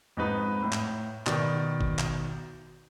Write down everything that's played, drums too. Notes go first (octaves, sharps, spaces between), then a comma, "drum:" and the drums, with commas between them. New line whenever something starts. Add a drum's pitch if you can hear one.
F2 G#2 D#4 B4
A2
drum: clap
B2 D#3 D5, drum: clap
drum: kick G#1
drum: clap